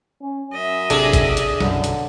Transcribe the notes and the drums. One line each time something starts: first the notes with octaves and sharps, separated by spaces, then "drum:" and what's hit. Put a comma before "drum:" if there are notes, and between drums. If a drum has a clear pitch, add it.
C#4
F#2 D#5 E5
A1 C3 D4 G#4 A4 D6, drum: hi-hat
drum: kick A1, hi-hat
drum: hi-hat
B1 F#2 D3, drum: snare
drum: hi-hat